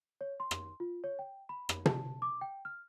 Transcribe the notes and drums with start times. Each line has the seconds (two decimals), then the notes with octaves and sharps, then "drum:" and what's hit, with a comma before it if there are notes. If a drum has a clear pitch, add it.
0.21 C#5
0.40 C6
0.51 drum: rim click
0.80 F4
1.04 C#5
1.19 G5
1.49 B5
1.69 drum: rim click
1.86 A5, drum: tom
2.22 D6
2.41 G5
2.65 F6